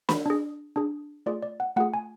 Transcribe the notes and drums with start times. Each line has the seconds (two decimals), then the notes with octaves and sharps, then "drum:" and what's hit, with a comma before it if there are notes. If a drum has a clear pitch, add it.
0.09 B5, drum: snare
0.26 D4 G#4
0.76 D4 G#4
1.26 A3 F4 G#4 D5
1.43 D5
1.60 F#5
1.76 A3 F4 G#4 F#5
1.94 G#5